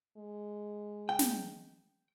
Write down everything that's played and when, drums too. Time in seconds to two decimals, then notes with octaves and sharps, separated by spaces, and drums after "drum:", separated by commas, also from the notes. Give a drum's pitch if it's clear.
0.17 G#3
1.09 G5
1.19 drum: snare